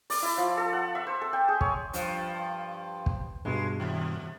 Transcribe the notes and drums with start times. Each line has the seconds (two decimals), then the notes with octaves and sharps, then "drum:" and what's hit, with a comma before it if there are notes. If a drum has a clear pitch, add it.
0.10 D5, drum: open hi-hat
0.22 E4
0.37 F3
0.57 A4
0.73 F#5
0.95 E5
1.07 C5
1.21 A4
1.33 G5
1.48 G#4
1.61 C#5, drum: kick
1.93 G2 F3, drum: hi-hat
3.06 drum: kick
3.45 G2 B2 G#3
3.80 D#2